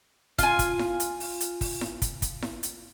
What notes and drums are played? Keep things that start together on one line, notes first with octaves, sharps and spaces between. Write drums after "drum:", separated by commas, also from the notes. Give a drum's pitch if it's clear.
F4 G#5, drum: kick, hi-hat
drum: kick, hi-hat
drum: snare E4
drum: hi-hat
drum: open hi-hat
drum: hi-hat
drum: kick, open hi-hat
drum: snare E4
drum: kick, hi-hat
drum: kick, hi-hat
drum: snare E4
drum: hi-hat